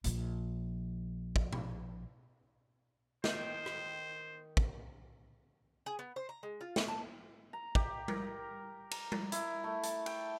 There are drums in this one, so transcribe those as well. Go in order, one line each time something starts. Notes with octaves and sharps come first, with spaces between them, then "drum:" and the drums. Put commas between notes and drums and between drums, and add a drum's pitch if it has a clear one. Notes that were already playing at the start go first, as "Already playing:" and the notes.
A#1 F3, drum: hi-hat
drum: kick
drum: tom B2
D#3 C5, drum: snare
drum: rim click
drum: kick
G#4
B3
C5
A#5
G#3
F4
C#4, drum: snare
A5
A#5
G4, drum: kick
A#4, drum: tom G3
A#5, drum: cymbal
drum: tom G3
E4, drum: hi-hat
A3
A5, drum: hi-hat
G5, drum: cymbal